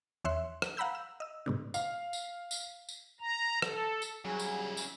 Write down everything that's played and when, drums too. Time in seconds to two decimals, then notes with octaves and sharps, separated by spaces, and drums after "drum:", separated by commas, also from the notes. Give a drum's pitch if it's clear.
0.24 E2 C#5 E5 C6 F#6
0.62 drum: rim click
0.77 F5 F#5 A#5 B5 E6 G6
0.95 E6
1.20 D#5 E6
1.46 G#2 B2 D3
1.74 F5, drum: tambourine
2.13 drum: tambourine
2.51 drum: tambourine
2.89 drum: tambourine
3.20 A#5
3.62 A4, drum: rim click
4.02 drum: tambourine
4.25 C#3 F#3 G3 E4 G#4 G#5
4.39 drum: tambourine
4.77 drum: tambourine